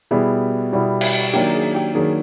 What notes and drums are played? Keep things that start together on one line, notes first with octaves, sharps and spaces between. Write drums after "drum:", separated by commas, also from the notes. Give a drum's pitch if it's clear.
B2 G3 B3 E4 G#4
B2 G3 B3 E4
drum: cymbal
D#3 F#3 A#3 D4 G4
G#4
G4
D#3 F#3 A#3 D4 G#4